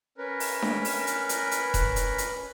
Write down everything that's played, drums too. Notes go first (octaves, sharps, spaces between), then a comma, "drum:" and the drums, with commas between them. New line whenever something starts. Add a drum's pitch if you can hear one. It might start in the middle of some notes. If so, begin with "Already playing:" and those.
C#4 A#4 B4
drum: open hi-hat
drum: snare D4
drum: open hi-hat
drum: hi-hat
drum: hi-hat
drum: hi-hat
drum: kick E1, hi-hat
drum: hi-hat
drum: hi-hat